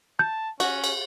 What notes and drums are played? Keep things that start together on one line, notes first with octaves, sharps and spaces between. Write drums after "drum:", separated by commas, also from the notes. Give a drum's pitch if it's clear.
A5 G6
C#4 F#4, drum: cymbal
drum: cymbal